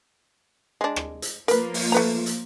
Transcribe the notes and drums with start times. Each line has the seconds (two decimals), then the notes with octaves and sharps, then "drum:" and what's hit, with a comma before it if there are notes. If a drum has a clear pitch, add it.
0.81 G#3 D4
0.96 drum: rim click
1.22 drum: hi-hat
1.48 F3 A#3 F4 A#4 B4, drum: hi-hat
1.74 drum: open hi-hat
1.92 A3 B4 A#5
2.26 drum: hi-hat